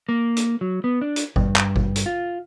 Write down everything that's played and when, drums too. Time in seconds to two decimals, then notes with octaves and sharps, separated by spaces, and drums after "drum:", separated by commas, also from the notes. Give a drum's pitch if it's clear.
0.09 A#3
0.37 drum: hi-hat
0.61 F#3
0.84 B3
1.01 D4
1.16 drum: hi-hat
1.36 G2, drum: kick G#1
1.56 drum: clap
1.76 drum: kick G#1
1.96 drum: hi-hat
2.06 F4